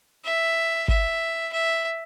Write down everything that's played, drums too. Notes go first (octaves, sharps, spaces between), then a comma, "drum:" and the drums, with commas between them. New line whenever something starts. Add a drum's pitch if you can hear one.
E5
E5, drum: kick G1
E5